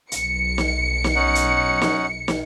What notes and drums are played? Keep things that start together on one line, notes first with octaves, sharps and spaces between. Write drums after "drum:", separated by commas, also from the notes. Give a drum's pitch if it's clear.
B1 C#7, drum: hi-hat
drum: snare
drum: snare
C#4 D#4 F#5
drum: hi-hat
drum: snare
drum: snare